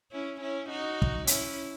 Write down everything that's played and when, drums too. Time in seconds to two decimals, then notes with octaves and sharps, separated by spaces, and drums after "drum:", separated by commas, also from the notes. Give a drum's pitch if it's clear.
0.12 C#4 E4
0.41 C#4 E4
0.69 D#4 F#4
1.02 drum: kick
1.27 C#4 E4, drum: hi-hat